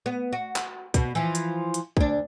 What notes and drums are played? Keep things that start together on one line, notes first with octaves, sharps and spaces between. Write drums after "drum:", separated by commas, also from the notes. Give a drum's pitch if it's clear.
B3
F#4
drum: clap
B2, drum: kick, hi-hat
E3 F3
drum: hi-hat
drum: hi-hat
D2 D4, drum: kick